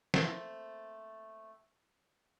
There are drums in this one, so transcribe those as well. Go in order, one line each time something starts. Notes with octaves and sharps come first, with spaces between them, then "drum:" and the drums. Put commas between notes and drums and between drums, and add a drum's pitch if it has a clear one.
A3 A#3 C4 C5, drum: snare